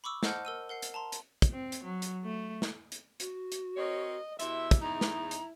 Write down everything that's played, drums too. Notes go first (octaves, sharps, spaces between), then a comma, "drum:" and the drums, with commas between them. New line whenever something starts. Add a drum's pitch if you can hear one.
B5 C#6 D6 E6
C5 D#5 F#5 A5 F6 G6, drum: snare
A#4 E6 D#7
A#4 F#5 C7
drum: hi-hat
A5 A#5 C6
drum: hi-hat
drum: kick, hi-hat
C4
drum: hi-hat
F#3
drum: hi-hat
A3
drum: snare
drum: hi-hat
F#4, drum: hi-hat
drum: hi-hat
C4 A#4 C#5 D#5
B2 E4 G4 E5 C6, drum: hi-hat
drum: kick, hi-hat
E2 G#3 D#4 E4 A#5
drum: snare
drum: hi-hat